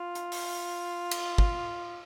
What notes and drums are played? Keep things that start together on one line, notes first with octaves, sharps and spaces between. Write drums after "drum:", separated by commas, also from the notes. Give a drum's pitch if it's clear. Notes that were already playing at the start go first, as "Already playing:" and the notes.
Already playing: F4
drum: hi-hat
drum: open hi-hat
drum: cymbal
drum: kick